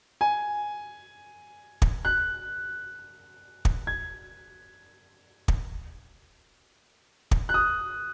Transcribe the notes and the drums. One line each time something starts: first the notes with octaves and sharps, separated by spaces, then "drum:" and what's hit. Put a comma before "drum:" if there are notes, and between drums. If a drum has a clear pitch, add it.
G#5
drum: kick
F#6
drum: kick
G#6
drum: kick
drum: kick
F#6
D#6